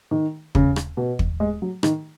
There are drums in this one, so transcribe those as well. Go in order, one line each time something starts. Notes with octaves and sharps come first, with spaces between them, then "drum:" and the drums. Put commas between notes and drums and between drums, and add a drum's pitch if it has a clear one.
D#3
C#3, drum: kick
drum: rim click
B2
drum: kick
G#3
F#3
D#3, drum: rim click